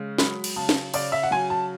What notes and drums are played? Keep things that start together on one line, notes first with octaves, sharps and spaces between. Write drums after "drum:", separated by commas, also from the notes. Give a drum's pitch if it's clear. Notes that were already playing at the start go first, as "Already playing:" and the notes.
Already playing: C#3 G#3
F#3 B5, drum: snare
drum: cymbal
C#3 A5
drum: snare
C#3 D5, drum: cymbal
E5
F#5
F#3 G#5
A5